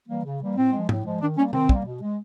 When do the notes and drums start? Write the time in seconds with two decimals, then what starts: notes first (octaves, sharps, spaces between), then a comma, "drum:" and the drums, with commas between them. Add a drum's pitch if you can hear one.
0.08 E3 G3 A#3
0.24 C#3
0.41 E3 G3 A#3
0.56 A2 C4
0.73 F3 G#3
0.89 A2, drum: tom G#2
1.05 F3 G#3
1.21 D#3 D4
1.37 G3 A#3 C#4
1.53 D#3 C4, drum: tom C3
1.69 G3 A#3, drum: kick
1.86 B2
2.01 G#3